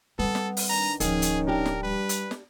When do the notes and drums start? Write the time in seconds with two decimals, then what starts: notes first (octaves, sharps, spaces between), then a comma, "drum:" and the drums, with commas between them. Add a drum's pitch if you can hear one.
0.19 G3 B3 C4 A4
0.35 drum: snare
0.57 drum: open hi-hat
0.70 D#3 D4 A#5
1.00 D1 D#3 F3 C#4 D#4 G#4, drum: hi-hat
1.22 drum: hi-hat
1.47 D4 G4 A#4
1.66 drum: snare
1.83 G3 B4
2.09 drum: hi-hat
2.31 drum: snare